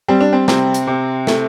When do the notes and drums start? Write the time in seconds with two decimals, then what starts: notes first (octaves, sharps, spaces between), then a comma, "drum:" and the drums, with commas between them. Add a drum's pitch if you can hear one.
0.08 G3 C4
0.21 D4
0.33 C4
0.48 C3 C4, drum: snare
0.74 drum: hi-hat
0.87 C3
1.27 A3, drum: snare